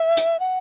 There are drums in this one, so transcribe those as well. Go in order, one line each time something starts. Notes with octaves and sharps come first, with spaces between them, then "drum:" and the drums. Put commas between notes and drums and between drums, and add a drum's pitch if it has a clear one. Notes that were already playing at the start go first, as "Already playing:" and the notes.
Already playing: E5
drum: hi-hat
F#5